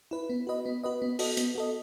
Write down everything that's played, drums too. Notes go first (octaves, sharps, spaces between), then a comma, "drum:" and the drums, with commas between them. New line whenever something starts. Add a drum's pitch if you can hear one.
E4 B4
B3
F#4 B4 D#5
B3
F#4 B4 D#5
B3
F#4 A4 D#5, drum: open hi-hat
B3, drum: hi-hat
F#4 A4 D#5